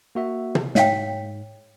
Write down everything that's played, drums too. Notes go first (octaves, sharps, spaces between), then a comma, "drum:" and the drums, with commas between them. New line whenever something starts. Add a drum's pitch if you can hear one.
A#3 F#4 E5
drum: tom
G#2 C#5 F5 G5, drum: snare